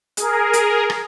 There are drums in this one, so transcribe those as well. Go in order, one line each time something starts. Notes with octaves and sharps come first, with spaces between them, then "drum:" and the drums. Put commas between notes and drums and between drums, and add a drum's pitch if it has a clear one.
G#4 A#4, drum: hi-hat
drum: hi-hat
drum: rim click